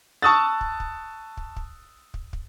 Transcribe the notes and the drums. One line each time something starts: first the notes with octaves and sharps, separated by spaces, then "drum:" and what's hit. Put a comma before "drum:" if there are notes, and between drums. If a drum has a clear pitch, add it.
A5 C#6 D#6 E6 F#6 A6
drum: kick
drum: kick
drum: kick
drum: kick
drum: kick
drum: kick